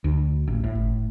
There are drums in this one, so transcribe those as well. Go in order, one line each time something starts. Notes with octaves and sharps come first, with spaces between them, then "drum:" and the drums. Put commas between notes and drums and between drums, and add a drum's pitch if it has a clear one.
D2
A1
A2
drum: kick G1